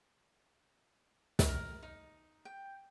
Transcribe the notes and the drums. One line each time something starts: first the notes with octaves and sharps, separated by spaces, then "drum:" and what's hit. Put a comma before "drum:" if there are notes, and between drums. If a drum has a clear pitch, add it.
drum: snare
A#4
D#4
G5